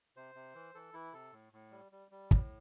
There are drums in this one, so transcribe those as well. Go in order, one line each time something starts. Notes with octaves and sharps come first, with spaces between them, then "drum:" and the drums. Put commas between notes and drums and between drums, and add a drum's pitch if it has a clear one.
C3 C5
C3
E3
E3 A4
E3 E4
C3 A4
A2
A2
G3
G3
G3
A2, drum: kick